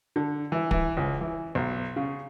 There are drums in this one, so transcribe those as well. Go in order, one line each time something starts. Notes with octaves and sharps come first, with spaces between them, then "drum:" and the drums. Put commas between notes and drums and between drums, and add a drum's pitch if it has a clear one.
D3
E3
E3, drum: kick
C#2
E3
B1
C#3